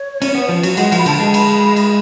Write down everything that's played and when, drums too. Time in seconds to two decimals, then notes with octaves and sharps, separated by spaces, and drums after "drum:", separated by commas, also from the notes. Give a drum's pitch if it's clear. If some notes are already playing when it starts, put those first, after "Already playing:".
Already playing: C#5
0.22 C#4, drum: cymbal
0.35 B3
0.49 F3
0.63 F#3, drum: cymbal
0.77 G#3 F#5, drum: cymbal
0.92 F3, drum: cymbal
0.98 B5
1.06 D3 A5, drum: cymbal
1.20 G#3
1.34 B5, drum: cymbal
1.76 drum: cymbal